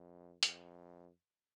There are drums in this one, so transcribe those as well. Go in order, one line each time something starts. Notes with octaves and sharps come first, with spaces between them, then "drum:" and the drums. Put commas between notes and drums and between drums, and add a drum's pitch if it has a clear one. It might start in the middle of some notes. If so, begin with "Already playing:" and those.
Already playing: F2
F2, drum: hi-hat